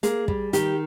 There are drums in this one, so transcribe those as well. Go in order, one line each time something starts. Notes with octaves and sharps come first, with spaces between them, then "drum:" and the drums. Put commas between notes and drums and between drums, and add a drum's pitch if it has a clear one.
A#3 G#4, drum: hi-hat
G3, drum: kick
D#3 G4, drum: hi-hat